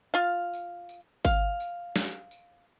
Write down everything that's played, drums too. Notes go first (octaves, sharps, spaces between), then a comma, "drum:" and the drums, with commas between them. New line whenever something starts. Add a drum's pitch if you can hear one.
F4 F5
drum: tambourine
drum: tambourine
F5, drum: kick G#1, tambourine
drum: tambourine
drum: snare
drum: tambourine